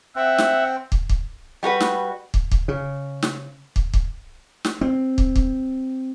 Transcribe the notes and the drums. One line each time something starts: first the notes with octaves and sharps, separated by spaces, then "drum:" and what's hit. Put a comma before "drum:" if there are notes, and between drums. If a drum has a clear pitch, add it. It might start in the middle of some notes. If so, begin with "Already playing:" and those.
C4 E5 F#5
drum: snare
drum: kick
drum: kick
G3 F#4 A4 B4
drum: snare
drum: kick
drum: kick
C#3
drum: snare
drum: kick
drum: kick
drum: snare
C4
drum: kick
drum: kick